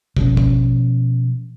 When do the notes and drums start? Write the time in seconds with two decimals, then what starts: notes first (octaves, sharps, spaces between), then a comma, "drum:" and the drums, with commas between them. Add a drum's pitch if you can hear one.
0.17 B2 F3 C#4, drum: kick
0.37 drum: kick